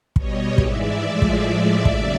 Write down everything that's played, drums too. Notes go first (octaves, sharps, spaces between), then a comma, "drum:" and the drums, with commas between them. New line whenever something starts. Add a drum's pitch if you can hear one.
B2 G3 C#5 D#5, drum: kick
G#2 E3 G#3 D5 E5, drum: kick
A2 F3 G#3
drum: kick
A2 F3 G#3
D#2 C#3 F#3, drum: kick